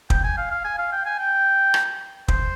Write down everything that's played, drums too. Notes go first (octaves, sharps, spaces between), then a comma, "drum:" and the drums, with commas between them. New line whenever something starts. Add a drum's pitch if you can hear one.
G5, drum: kick
G#5
F5
F5
G#5
F5
G5
G#5
G5
drum: rim click
C5, drum: kick